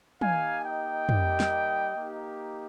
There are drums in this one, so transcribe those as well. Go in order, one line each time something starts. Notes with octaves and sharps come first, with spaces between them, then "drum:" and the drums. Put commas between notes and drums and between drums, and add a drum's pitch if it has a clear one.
A#3 D#4 G4 F5 G#5, drum: tom
D#5 G5
G3 A#3 D#4 G4, drum: tom
drum: snare
A#3 D#4 G4